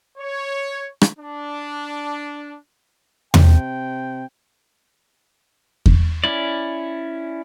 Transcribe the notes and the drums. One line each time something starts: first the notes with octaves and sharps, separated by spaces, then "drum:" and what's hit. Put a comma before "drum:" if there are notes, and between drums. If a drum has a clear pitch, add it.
C#5
drum: rim click
D4
C3 G5, drum: tom E2
drum: kick E2
C#4 E4 D5